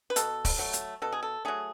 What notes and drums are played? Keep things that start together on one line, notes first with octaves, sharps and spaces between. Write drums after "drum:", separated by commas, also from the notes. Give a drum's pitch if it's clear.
B4
B2 A4, drum: hi-hat
drum: kick, open hi-hat
F#3 A3
drum: hi-hat
B2 A4
G#4
A4
F#3 A3 G#4